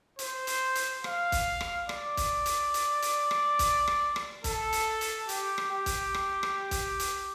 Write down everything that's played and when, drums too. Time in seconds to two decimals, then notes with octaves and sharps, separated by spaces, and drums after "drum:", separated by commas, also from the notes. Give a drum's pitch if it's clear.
0.19 C5, drum: hi-hat
0.47 drum: hi-hat
0.75 drum: hi-hat
1.04 F5, drum: rim click
1.32 drum: kick, hi-hat
1.61 drum: rim click
1.89 D5, drum: rim click
2.17 drum: kick, hi-hat
2.46 drum: hi-hat
2.74 drum: hi-hat
3.02 drum: hi-hat
3.31 drum: rim click
3.59 drum: kick, hi-hat
3.88 drum: rim click
4.16 drum: rim click
4.44 A4, drum: kick, hi-hat
4.73 drum: hi-hat
5.01 drum: hi-hat
5.29 G4, drum: hi-hat
5.58 drum: rim click
5.71 G4
5.86 drum: kick, hi-hat
6.14 drum: rim click
6.43 drum: rim click
6.71 drum: kick, hi-hat
7.00 drum: hi-hat